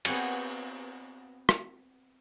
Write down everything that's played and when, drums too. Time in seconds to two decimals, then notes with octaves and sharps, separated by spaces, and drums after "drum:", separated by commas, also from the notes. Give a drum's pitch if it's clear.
0.05 B3 C4 F#4 G#4 C#5, drum: cymbal
1.49 drum: rim click